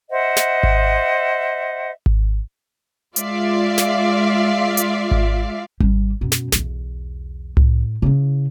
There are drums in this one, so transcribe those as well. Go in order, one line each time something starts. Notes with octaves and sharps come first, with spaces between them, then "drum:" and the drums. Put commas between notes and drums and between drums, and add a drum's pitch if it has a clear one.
C5 D#5 E5 F#5
drum: snare
drum: kick G#1
drum: kick G#1
G#3 F4 D5 E5 F5, drum: hi-hat
drum: snare
drum: hi-hat
drum: kick G#1
G3, drum: kick G#1
F#2 B2
drum: snare
B1 E2, drum: snare
A2, drum: tom C2
C#3 E4